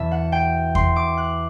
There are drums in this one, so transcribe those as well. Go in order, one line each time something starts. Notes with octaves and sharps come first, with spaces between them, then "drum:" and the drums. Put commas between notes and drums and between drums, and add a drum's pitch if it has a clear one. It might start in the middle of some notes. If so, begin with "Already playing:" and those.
Already playing: E2 B2 F#3 E5 A5 B5
F#5
G5
C6, drum: kick E2
D6
F#6